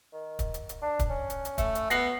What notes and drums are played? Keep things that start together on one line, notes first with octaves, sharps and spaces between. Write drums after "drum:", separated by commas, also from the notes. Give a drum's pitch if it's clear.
D#3
drum: kick, hi-hat
drum: hi-hat
drum: hi-hat
D4
drum: kick, hi-hat
C#4
drum: hi-hat
drum: hi-hat
A3, drum: kick, hi-hat
drum: hi-hat
B3 A#6 C7 F#7, drum: hi-hat